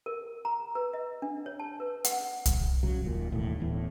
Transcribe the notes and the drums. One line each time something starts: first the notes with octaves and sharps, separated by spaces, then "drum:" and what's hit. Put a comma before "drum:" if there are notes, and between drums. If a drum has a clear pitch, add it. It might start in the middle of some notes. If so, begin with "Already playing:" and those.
A#4
A#5
B4
D#5
D4
C#5
A5
B4
F#5, drum: hi-hat
drum: kick C2, hi-hat
C#3 F#3
D#1 A#2
E1 D#2 A2
D1 E2 A2